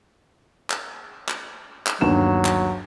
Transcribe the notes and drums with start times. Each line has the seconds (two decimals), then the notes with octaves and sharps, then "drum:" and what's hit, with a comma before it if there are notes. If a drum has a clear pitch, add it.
0.70 drum: clap
1.28 drum: clap
1.87 drum: clap
2.01 G1 D#2 F#3 E7
2.45 drum: clap